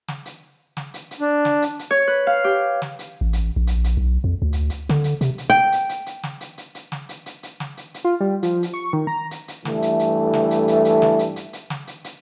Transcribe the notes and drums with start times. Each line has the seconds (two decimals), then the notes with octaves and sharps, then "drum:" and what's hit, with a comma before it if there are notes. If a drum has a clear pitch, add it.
0.08 drum: snare
0.25 drum: hi-hat
0.77 drum: snare
0.94 drum: hi-hat
1.11 drum: hi-hat
1.20 D4
1.45 drum: snare
1.62 drum: hi-hat
1.79 drum: hi-hat
1.91 C#5
2.08 B4
2.27 F5
2.44 G4
2.82 drum: snare
2.99 drum: hi-hat
3.21 A1
3.33 drum: hi-hat
3.56 A#1
3.67 drum: hi-hat
3.84 drum: hi-hat
3.97 B1
4.24 F2
4.42 D2
4.53 drum: hi-hat
4.70 drum: hi-hat
4.89 D3, drum: snare
5.04 drum: hi-hat
5.21 C3, drum: hi-hat
5.38 drum: hi-hat
5.50 G5
5.72 drum: hi-hat
5.89 drum: hi-hat
6.06 drum: hi-hat
6.23 drum: snare
6.41 drum: hi-hat
6.58 drum: hi-hat
6.75 drum: hi-hat
6.92 drum: snare
7.09 drum: hi-hat
7.26 drum: hi-hat
7.43 drum: hi-hat
7.60 drum: snare
7.77 drum: hi-hat
7.94 drum: hi-hat
8.04 F4
8.20 G3
8.43 F3, drum: hi-hat
8.63 drum: hi-hat
8.74 C#6
8.93 D#3
9.07 A#5
9.31 drum: hi-hat
9.48 drum: hi-hat
9.65 G2 E3 A3, drum: snare
9.82 drum: hi-hat
9.99 drum: hi-hat
10.34 drum: snare
10.51 drum: hi-hat
10.68 drum: hi-hat
10.85 drum: hi-hat
11.02 drum: snare
11.19 drum: hi-hat
11.36 drum: hi-hat
11.53 drum: hi-hat
11.70 drum: snare
11.87 drum: hi-hat
12.04 drum: hi-hat